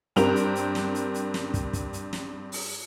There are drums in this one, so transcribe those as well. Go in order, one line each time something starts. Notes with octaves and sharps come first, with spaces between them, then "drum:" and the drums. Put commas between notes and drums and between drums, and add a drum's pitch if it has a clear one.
G2 C4 G4 A#4 F7, drum: hi-hat
drum: hi-hat
drum: hi-hat
drum: snare
drum: hi-hat
drum: hi-hat
drum: snare
drum: kick, hi-hat
drum: kick, hi-hat
drum: hi-hat
drum: snare
drum: open hi-hat